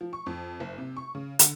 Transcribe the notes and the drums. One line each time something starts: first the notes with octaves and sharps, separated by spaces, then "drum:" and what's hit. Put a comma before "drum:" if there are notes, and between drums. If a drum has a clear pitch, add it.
F3
C#6
F2
F#1
C3
C#6
C#3
D3, drum: hi-hat